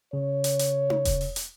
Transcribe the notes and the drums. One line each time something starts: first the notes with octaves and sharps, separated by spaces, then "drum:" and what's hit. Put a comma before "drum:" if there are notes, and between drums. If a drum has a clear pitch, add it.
C#3 C#5
drum: hi-hat
drum: hi-hat
drum: tom D#4
drum: kick E1, hi-hat
drum: open hi-hat
drum: hi-hat